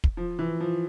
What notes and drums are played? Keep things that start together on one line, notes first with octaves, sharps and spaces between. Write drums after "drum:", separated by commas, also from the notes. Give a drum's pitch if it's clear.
drum: kick
F3
E3
F3